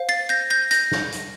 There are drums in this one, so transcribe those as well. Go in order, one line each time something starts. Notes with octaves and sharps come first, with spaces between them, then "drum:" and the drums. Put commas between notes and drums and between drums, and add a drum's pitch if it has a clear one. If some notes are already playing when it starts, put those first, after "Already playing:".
Already playing: C5 F5
A6 C7
G6 A#6
G6 A#6
G6 A#6, drum: hi-hat
drum: snare
drum: hi-hat